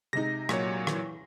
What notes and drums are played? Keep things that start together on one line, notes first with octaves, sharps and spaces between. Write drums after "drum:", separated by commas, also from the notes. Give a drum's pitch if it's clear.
C3 G#3 D#4 A#6
A#2 F#3 C#5, drum: rim click
E3, drum: rim click